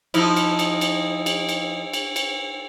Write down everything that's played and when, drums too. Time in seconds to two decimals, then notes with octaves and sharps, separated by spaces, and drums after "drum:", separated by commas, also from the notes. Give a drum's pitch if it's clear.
0.14 F3 D#4 E4, drum: cymbal
0.36 drum: cymbal
0.59 drum: cymbal
0.81 drum: cymbal
1.26 drum: cymbal
1.49 drum: cymbal
1.93 drum: cymbal
2.16 drum: cymbal